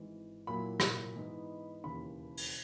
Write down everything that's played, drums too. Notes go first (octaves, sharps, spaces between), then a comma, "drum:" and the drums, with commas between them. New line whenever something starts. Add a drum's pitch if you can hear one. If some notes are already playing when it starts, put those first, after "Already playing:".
Already playing: G#1 G#2 E3
A#2 F#3 A#3 E4 B5
drum: rim click
G#2 E3 B3 D#4
E1 D#2 C#3 E3 B5
drum: open hi-hat